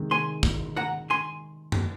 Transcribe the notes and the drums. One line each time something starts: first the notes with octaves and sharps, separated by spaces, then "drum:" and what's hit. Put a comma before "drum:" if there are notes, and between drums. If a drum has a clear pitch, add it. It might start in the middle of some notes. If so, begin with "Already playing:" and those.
Already playing: C3 D#3 G#3
G#5 C6
drum: kick
F#5 A#5
G#5 C6
drum: tom F#2